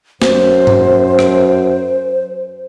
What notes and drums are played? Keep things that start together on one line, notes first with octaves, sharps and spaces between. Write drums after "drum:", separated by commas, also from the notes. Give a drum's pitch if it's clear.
F#2 C5, drum: snare
drum: tom G2
drum: rim click